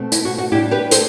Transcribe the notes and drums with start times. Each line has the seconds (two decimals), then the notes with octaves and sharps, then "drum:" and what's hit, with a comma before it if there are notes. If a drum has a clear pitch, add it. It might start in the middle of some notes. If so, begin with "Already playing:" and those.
Already playing: B2 A3 C4
0.12 E4, drum: hi-hat
0.25 F#4
0.38 F#4
0.52 A2 G3 D4 E4 G4
0.71 G4 B4
0.91 A4 C5, drum: hi-hat